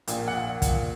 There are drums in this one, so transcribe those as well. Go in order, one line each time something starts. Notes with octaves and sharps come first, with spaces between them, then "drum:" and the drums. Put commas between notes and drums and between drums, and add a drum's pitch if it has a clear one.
A#1 A#2, drum: hi-hat
F#5
drum: kick, hi-hat